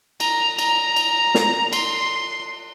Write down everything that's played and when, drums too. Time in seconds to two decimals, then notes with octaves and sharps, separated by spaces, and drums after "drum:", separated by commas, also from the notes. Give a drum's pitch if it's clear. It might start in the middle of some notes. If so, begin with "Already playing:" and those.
0.20 A#5, drum: cymbal
0.59 A#5, drum: cymbal
0.96 drum: cymbal
1.35 drum: snare
1.73 C6, drum: cymbal